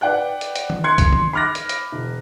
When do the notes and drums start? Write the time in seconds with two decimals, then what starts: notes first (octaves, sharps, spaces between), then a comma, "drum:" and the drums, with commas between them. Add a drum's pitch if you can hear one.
0.01 B4 D5 F#5 G5 F#6
0.41 drum: hi-hat
0.56 drum: hi-hat
0.70 drum: tom D#3
0.84 C6 F#6 G#6 C#7
0.98 drum: kick, hi-hat
1.12 drum: tom D#3
1.33 B5 D6 F6 F#6 A#6
1.55 drum: hi-hat
1.69 drum: hi-hat
1.92 E1